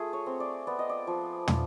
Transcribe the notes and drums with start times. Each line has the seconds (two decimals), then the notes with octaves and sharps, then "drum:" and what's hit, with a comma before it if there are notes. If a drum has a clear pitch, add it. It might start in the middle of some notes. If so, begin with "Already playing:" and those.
Already playing: A3 F4 G#4
0.13 C#5
0.26 C4
0.40 D5
0.67 B3 D5
0.79 D#5
0.89 D5
1.07 F3
1.48 F3, drum: tom